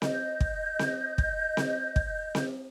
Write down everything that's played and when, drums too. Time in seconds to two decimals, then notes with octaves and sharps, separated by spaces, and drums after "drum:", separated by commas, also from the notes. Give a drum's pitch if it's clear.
0.02 D#5 G6, drum: snare C4
0.40 drum: kick
0.79 drum: snare C4
1.18 drum: kick
1.57 drum: snare C4
1.96 drum: kick
2.35 drum: snare C4